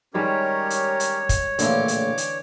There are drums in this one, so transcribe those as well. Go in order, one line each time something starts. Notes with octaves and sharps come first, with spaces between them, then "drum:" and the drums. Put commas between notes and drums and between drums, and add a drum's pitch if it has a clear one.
D#3 G3 G#3 C#4 G4 A#4 C#5
drum: hi-hat
drum: hi-hat
drum: kick, hi-hat
A#1 A2 D3 E3 F4 D6, drum: hi-hat
drum: hi-hat
drum: hi-hat